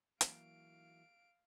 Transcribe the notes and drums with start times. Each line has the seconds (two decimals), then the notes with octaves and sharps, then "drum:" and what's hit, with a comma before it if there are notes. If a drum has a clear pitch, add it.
0.21 E3 F#3 A#3 F5 D7, drum: hi-hat